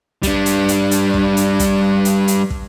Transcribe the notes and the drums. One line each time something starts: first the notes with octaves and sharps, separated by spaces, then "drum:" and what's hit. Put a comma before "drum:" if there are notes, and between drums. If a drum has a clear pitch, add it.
G3 D4, drum: kick, hi-hat
drum: hi-hat
drum: hi-hat
drum: hi-hat
drum: kick
drum: hi-hat
drum: kick, hi-hat
drum: hi-hat
drum: hi-hat
drum: kick